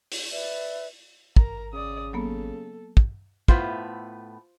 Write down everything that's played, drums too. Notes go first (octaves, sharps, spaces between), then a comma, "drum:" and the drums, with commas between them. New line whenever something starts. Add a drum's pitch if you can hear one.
drum: open hi-hat
B4 D5 E5
G#1 A#4 A#5, drum: kick
C#3 D5 D#6
F#3 A#3 B3 A4
drum: kick
A2 A3 B3 F4 C5, drum: kick